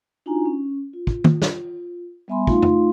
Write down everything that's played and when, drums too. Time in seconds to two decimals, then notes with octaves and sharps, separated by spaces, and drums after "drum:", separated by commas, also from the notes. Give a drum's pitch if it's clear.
0.26 D4 D#4 F4 F#4 G#5 A#5
0.45 C#4
0.93 F4
1.07 drum: kick
1.24 drum: tom
1.42 drum: snare
2.28 G3 B3 E5 G#5 B5 C6
2.47 A3 D#4 F4 F5 C6, drum: kick
2.62 drum: tom F2